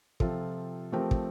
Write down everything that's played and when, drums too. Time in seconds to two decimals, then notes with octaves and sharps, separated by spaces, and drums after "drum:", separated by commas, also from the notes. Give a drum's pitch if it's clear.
0.20 C3 F3 C4 F4 A4, drum: kick
0.92 F3 A3 C4 G4 A#4
1.11 drum: kick